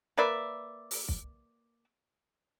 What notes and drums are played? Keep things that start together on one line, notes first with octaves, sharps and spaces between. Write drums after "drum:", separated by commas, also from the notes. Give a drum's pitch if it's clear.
A#3 B4 D5 E5
drum: open hi-hat
drum: kick